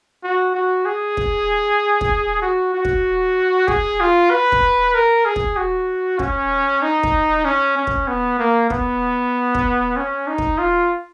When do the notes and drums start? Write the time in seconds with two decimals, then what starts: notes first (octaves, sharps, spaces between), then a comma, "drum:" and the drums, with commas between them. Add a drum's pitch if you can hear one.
0.24 F#4
0.55 F#4
0.86 G#4
1.17 drum: kick
2.01 drum: kick
2.42 F#4
2.75 F#4
2.85 drum: kick
3.68 G#4, drum: kick
4.00 F4
4.31 B4
4.52 drum: kick
4.95 A#4
5.26 G#4
5.36 drum: kick
5.57 F#4
6.19 C#4, drum: kick
6.82 D#4
7.03 drum: kick
7.45 C#4
7.77 C#4
7.87 drum: kick
8.08 B3
8.39 A#3
8.70 B3, drum: kick
9.55 drum: kick
9.97 C#4
10.28 D#4
10.38 drum: kick
10.59 F4